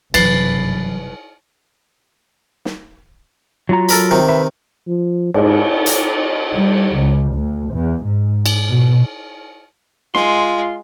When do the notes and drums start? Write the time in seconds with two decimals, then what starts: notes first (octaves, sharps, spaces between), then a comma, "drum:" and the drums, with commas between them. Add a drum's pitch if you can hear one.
0.14 F#1 G2 C3 E3 F#3 B4 A6 C7, drum: cymbal
2.65 drum: snare
3.69 F#3 F4 A#5
3.89 A4 A#4 B5, drum: hi-hat
4.11 C3 D#3
4.28 B4 E5
4.87 F3
5.34 G#2, drum: cymbal
5.86 drum: hi-hat
6.55 G3
6.96 C#2
7.35 D2
7.72 E2
8.05 G#2
8.46 drum: cymbal
8.71 B2
10.15 G#3 F4 C6, drum: snare